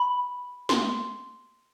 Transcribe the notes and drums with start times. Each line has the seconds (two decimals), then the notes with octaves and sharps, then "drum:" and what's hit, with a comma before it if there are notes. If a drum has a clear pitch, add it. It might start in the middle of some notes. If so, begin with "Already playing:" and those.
Already playing: B5
0.69 C6, drum: snare